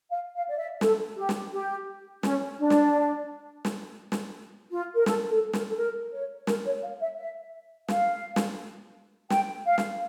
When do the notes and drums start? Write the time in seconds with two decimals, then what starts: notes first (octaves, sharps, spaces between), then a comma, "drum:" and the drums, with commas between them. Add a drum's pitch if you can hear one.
0.11 F5
0.35 F5
0.50 D5
0.58 E5
0.81 A4, drum: snare
1.18 G4
1.29 drum: snare
1.53 G4
2.23 C#4, drum: snare
2.59 D4
2.70 drum: snare
3.65 drum: snare
4.12 drum: snare
4.71 F4
4.95 A#4
5.06 A4, drum: snare
5.30 A4
5.53 A#4, drum: snare
5.69 A4
5.77 A#4
6.13 C#5
6.47 A#4, drum: snare
6.66 C#5
6.83 F5
7.01 E5
7.18 E5
7.88 F5, drum: snare
8.36 drum: snare
9.30 G5, drum: snare
9.66 F5
9.78 drum: snare